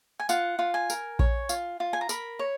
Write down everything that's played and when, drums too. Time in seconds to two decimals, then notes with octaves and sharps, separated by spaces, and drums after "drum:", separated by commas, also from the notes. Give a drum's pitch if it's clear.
0.20 G#5
0.29 F4 F#5, drum: tambourine
0.59 F4
0.74 G#5
0.90 A#4, drum: tambourine
1.19 C#5, drum: kick A#1
1.49 F4, drum: tambourine
1.80 F4
1.93 G#5
2.01 A#5
2.09 A#4 B5, drum: tambourine
2.39 C#5